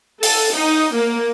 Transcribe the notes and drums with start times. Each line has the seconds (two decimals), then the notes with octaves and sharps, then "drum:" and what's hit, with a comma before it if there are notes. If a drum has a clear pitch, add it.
0.23 A4, drum: open hi-hat
0.56 D#4
0.96 A#3